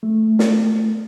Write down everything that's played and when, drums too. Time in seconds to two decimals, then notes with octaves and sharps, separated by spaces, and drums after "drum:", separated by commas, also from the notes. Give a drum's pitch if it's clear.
0.03 A3
0.39 drum: snare